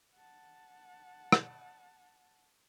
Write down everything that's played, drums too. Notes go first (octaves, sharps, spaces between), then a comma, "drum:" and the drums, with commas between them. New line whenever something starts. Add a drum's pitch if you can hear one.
F#5 A5
drum: rim click